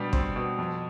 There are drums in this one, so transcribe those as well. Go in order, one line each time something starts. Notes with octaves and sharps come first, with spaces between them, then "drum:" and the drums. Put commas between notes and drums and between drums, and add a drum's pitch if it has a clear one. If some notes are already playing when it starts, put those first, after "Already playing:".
Already playing: B2 G3 D4
C4, drum: kick
B2
F2